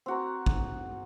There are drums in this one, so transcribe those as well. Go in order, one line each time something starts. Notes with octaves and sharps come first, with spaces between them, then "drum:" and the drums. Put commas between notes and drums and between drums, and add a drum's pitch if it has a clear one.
C4 F#4 A#4
drum: kick